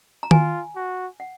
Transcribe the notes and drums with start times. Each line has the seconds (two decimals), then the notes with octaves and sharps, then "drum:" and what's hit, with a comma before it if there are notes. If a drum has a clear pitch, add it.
0.23 A#5
0.31 F4 G#5, drum: tom D#3
0.76 F#4
1.20 F#5